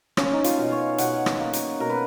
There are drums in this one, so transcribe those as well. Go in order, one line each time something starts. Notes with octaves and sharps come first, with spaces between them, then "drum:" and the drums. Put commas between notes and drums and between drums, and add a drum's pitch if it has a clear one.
A#3 C#4, drum: rim click
D#4
F4, drum: hi-hat
B2
C#5
B2 F#5, drum: hi-hat
drum: rim click
A#3
drum: hi-hat
B2 A#4
B4